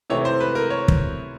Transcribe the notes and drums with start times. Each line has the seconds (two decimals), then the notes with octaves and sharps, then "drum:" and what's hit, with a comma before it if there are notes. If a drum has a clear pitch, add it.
0.10 C3 E3 A3 C4 C#5
0.25 C5
0.40 B4
0.55 A#4
0.70 C#5
0.88 drum: kick